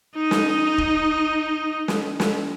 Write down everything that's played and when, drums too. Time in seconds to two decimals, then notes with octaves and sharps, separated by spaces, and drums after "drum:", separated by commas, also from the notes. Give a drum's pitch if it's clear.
0.15 D#4 D#5
0.31 drum: snare
0.78 drum: kick
1.88 drum: snare
2.20 drum: snare